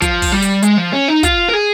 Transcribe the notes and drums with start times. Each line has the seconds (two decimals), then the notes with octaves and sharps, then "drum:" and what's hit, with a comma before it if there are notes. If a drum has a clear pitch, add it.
0.02 F3, drum: kick, hi-hat
0.22 drum: kick, open hi-hat
0.32 G3
0.42 drum: hi-hat
0.62 G#3, drum: hi-hat
0.77 F3
0.93 C#4
1.08 D#4
1.23 F4, drum: kick, hi-hat
1.49 A#4
1.53 G#4